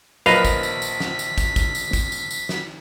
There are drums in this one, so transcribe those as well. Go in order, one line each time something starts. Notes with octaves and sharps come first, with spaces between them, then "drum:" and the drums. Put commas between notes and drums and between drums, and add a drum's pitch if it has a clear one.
A#1 F3 A#4 B4 D#5 F5 B6, drum: tambourine
drum: kick, tambourine
drum: tambourine
drum: tambourine
drum: snare
drum: tambourine
drum: kick, tambourine
drum: kick, tambourine
drum: tambourine
drum: kick, tambourine
drum: tambourine
drum: tambourine
drum: snare